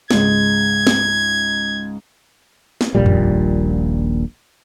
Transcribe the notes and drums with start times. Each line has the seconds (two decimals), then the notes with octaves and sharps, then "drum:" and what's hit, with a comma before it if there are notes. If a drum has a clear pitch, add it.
0.11 C#2 G#2 G#3 G#6, drum: snare
0.87 drum: snare
2.81 drum: snare
2.95 D#1 A#1 A#2 G3
3.06 drum: tom F2